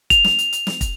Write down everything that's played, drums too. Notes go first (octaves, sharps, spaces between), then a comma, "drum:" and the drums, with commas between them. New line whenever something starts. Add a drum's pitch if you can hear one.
F7, drum: kick, hi-hat
drum: snare
drum: hi-hat
drum: hi-hat
drum: snare
drum: kick, hi-hat